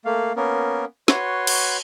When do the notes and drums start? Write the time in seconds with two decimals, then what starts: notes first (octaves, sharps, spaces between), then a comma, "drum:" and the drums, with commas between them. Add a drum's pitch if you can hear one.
0.05 A3 A#3 F5
0.36 A#3 B3 C#4 A#4
1.08 F#4 B4 C#5 C6, drum: snare
1.47 drum: cymbal